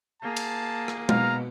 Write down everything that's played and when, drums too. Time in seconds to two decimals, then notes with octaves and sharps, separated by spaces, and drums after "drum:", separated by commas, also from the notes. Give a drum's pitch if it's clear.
0.22 A#3 G#4 A5
0.36 drum: cymbal
0.88 drum: rim click
1.09 B2 F5 A#5, drum: tom G#3